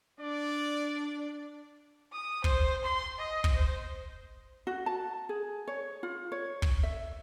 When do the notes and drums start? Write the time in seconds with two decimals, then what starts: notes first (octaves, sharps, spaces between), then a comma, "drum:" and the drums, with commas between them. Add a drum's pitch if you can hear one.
0.20 D4 D5
2.12 D#6
2.44 C5, drum: kick
2.84 C6
3.19 D#5
3.44 drum: kick
3.55 C5
4.67 F#4
4.86 A5
5.29 G#4
5.68 C#5
6.03 F4
6.32 C#5
6.62 drum: kick
6.83 E5